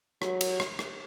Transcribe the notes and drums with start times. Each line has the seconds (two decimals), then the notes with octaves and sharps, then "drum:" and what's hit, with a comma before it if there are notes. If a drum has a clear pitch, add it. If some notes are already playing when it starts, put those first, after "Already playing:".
0.22 F#3, drum: rim click
0.41 drum: cymbal
0.60 drum: rim click
0.79 drum: rim click